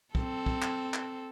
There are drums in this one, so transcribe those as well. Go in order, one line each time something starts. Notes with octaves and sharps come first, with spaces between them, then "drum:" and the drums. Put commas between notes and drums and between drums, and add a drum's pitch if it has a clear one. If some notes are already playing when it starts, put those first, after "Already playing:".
C4 A4, drum: kick
drum: kick
drum: clap
drum: clap